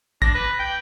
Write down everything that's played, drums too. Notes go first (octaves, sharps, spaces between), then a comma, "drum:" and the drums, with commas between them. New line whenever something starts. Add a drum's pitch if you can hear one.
D4 A#6, drum: kick
B4
G5